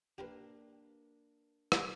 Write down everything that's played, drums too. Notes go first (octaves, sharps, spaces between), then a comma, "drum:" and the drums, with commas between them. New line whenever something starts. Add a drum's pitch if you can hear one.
A#3 D4 G4 A#4 B4
drum: rim click